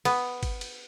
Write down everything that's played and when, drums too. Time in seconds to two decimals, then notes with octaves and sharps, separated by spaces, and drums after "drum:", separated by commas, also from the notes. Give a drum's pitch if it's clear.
0.05 B3, drum: cymbal
0.43 drum: kick, cymbal
0.61 drum: cymbal